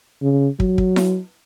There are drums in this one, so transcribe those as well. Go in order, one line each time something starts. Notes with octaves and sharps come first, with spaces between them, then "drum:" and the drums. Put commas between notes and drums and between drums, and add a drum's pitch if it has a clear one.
C#3
F#3, drum: kick
drum: kick
drum: snare E4